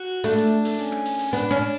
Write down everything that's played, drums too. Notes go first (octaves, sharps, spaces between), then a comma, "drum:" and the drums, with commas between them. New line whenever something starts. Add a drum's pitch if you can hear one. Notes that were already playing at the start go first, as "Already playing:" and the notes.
Already playing: F#4
A3 D4, drum: hi-hat
drum: hi-hat
drum: hi-hat
C#4, drum: hi-hat
drum: rim click
drum: hi-hat
drum: hi-hat
B3 D4, drum: hi-hat
C#4